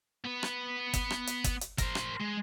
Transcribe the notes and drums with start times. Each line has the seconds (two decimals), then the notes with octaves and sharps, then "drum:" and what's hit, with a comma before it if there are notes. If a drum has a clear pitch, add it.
0.25 B3 B4
0.43 drum: rim click
0.93 drum: kick, hi-hat
1.10 drum: rim click
1.27 drum: hi-hat
1.44 drum: kick, hi-hat
1.61 drum: hi-hat
1.78 A#4 C5, drum: kick, hi-hat
1.95 drum: rim click
2.20 G#3